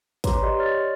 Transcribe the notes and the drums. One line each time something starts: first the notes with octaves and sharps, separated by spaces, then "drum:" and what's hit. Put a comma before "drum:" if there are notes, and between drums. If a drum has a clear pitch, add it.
B4 C#5 A#5 C6 D6, drum: kick, hi-hat
G4 D5 D#5 C6
C#5 D#5 F6 A6